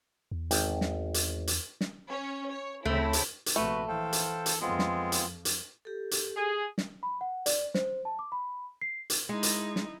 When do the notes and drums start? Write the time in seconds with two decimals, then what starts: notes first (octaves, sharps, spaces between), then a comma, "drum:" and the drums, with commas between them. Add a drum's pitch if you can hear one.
0.31 E2
0.51 G#1 G5, drum: hi-hat
0.81 drum: snare
1.14 drum: hi-hat
1.47 drum: hi-hat
1.81 drum: snare
2.09 C#4 C#5
2.50 C#5
2.85 D2 C#3 A3 C4 E4
3.13 drum: hi-hat
3.46 drum: hi-hat
3.56 A#1 C3 A3 F#4 B4
3.88 E3 A4 C5 F5 G5
4.13 drum: hi-hat
4.46 drum: hi-hat
4.61 F2 G#3 B3 C4 F4
4.79 drum: snare
5.12 drum: hi-hat
5.45 drum: hi-hat
5.85 G4 A4
6.11 drum: hi-hat
6.36 G#4
6.78 drum: snare
7.03 B5
7.21 F#5
7.46 D5, drum: hi-hat
7.74 C5, drum: snare
8.05 A5
8.19 D6
8.32 B5
8.81 C7
9.10 drum: hi-hat
9.29 G#3 D#4 E4
9.43 drum: hi-hat
9.76 drum: snare